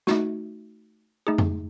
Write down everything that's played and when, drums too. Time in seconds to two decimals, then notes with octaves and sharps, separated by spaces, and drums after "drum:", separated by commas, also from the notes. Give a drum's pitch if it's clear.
0.07 A3 D#4 F#4, drum: snare
1.27 A3 D#4 G#4
1.38 drum: tom F2